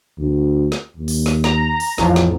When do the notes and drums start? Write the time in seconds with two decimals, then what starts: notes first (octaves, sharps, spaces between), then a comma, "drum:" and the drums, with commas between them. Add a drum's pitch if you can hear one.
0.18 D2
0.72 drum: snare
0.97 D#2
1.08 drum: open hi-hat
1.26 drum: snare
1.44 A#5, drum: snare
1.80 drum: open hi-hat
1.98 A1 F2 F3, drum: snare
2.16 drum: snare